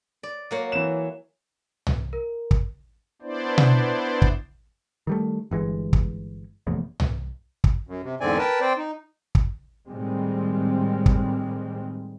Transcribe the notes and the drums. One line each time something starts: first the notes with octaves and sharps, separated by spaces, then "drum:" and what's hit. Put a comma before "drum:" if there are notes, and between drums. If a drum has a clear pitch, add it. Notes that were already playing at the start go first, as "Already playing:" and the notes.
D5
F#3 A#3 C#5
E3 E7
drum: tom C2
A#4
drum: kick
B3 D4 E4 C5 D5
drum: tom B2
drum: kick
D#3 G3 A3
G1 E3 G#3
drum: kick
F1 A#1 E2 A2
drum: tom C2
drum: kick
F#2
C3
E2 G#2 D3 C4 D5 G#5
A#4 B4 G5 A5
C4 C5 D5 G5
D#4
drum: kick
A2 D#3 G3 G#3 C4
drum: kick